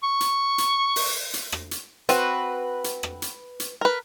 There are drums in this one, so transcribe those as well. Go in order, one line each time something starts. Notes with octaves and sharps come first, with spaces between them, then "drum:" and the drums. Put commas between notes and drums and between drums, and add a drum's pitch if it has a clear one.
C#6
drum: hi-hat
drum: hi-hat
drum: open hi-hat
drum: hi-hat
drum: rim click
drum: hi-hat
C4 F#4 B4, drum: hi-hat
drum: hi-hat
drum: rim click
drum: hi-hat
drum: hi-hat
A#4 B4